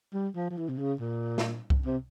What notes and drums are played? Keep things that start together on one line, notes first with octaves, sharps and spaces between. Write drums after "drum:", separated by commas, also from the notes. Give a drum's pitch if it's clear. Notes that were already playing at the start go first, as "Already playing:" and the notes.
G3
F3
F3
E3
C3
C#3
A#2
drum: snare
drum: kick C2
C3